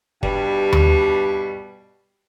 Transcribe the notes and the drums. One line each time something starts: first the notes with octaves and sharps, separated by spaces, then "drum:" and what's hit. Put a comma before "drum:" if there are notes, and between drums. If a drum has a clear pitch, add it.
G2 B2 G3, drum: kick
drum: tom D#2